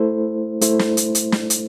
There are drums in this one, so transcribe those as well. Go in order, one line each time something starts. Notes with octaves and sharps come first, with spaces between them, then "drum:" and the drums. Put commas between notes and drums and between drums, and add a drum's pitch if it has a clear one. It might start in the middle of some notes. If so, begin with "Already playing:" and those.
Already playing: A3 E4 A4 C5
A3 E4 A4 C5, drum: hi-hat
drum: snare
drum: hi-hat
drum: hi-hat
drum: snare
drum: hi-hat